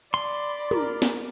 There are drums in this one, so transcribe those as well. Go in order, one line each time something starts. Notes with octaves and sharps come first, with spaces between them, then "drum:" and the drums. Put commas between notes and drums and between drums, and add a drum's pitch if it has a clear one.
D5 B5 C6
A#4, drum: tom
drum: snare